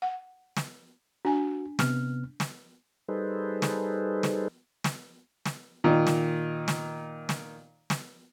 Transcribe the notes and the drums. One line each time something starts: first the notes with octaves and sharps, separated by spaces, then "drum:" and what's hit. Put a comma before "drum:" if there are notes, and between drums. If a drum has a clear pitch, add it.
F#5
drum: snare
D4 F#4 G#5
C3 B3 F6, drum: snare
drum: snare
G3 D#4 G#4 A4 B4 C5
drum: snare
drum: snare
drum: snare
drum: snare
A#2 D#3
drum: snare
drum: snare
drum: snare
drum: snare